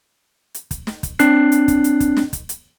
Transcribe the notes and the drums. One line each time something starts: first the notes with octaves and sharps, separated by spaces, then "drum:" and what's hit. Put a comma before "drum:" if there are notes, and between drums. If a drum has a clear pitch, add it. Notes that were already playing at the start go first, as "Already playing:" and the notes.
drum: hi-hat
drum: kick, hi-hat
drum: snare
drum: kick, hi-hat
C4 D4 F#6 C7, drum: hi-hat
drum: hi-hat
drum: kick, hi-hat
drum: hi-hat
drum: kick, hi-hat
drum: snare
drum: kick, hi-hat
drum: hi-hat